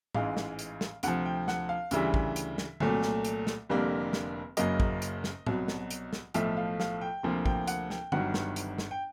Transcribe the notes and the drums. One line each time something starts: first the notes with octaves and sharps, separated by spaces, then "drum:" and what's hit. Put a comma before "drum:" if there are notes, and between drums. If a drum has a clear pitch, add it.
A1 G#2 E3 G#3 F5, drum: tom A2
drum: snare
drum: hi-hat
drum: snare
D2 C3 F3 F#5, drum: hi-hat
G5
F#5, drum: snare
F5
D2 C#3 E3 G3 E5, drum: hi-hat
drum: kick
drum: hi-hat
drum: snare
C2 A#2 F#3 A3, drum: tom D3
drum: snare
drum: hi-hat
drum: snare
F1 F2 D3 G3 A#3
drum: snare
F#1 F#2 C#3 F#3 A#3 D#5, drum: hi-hat
drum: kick
drum: hi-hat
drum: snare
C2 B2 F#3, drum: tom A2
drum: snare
drum: hi-hat
drum: snare
B1 A2 F3 A3 E5, drum: hi-hat
F5
F5, drum: snare
G5
D2 C3 F3 A#3
G5, drum: kick
F#5, drum: hi-hat
G5, drum: snare
G1 G2 D#3 F#3 F#5, drum: tom D3
drum: snare
drum: hi-hat
drum: snare
G5